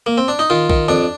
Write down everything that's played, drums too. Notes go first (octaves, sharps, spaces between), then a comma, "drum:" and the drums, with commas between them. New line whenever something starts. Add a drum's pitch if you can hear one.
A#3
C4
D4
D#4
D#3 F4
D#3, drum: kick A#1
F2 D4